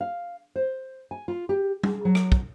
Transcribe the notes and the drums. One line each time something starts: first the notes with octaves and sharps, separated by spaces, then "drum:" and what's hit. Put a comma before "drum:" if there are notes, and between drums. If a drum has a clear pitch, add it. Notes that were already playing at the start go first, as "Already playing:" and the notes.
F5
C5
G#5
F4
G4
G#4, drum: tom
F#3
drum: rim click
drum: kick